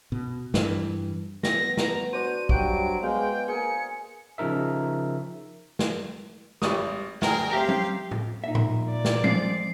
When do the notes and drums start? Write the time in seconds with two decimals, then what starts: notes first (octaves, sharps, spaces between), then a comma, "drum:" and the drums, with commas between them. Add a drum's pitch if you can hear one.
0.12 B2
0.54 G2 E3, drum: snare
1.43 B3 A#6, drum: snare
1.77 A#5, drum: snare
2.13 D4 F#4 C5 D#7
2.49 G2 F#3 F#4 F#5 G5 D7, drum: kick
3.03 G#3 B3 F5 G5
3.48 A#3 G#4 C#7
4.38 C#3 F3 D#4 A#4 E5
5.79 drum: snare
6.62 G#1 G3 D#6, drum: snare
7.22 D2 G#4 A#4 G5, drum: snare
7.53 C4 G4 E5 F5
7.69 drum: tom F#3
8.11 drum: tom
8.44 A#2 D#4 E5
8.55 drum: tom A2
8.90 D5
9.05 drum: snare
9.24 F3 G#3 C4 C7, drum: tom F#3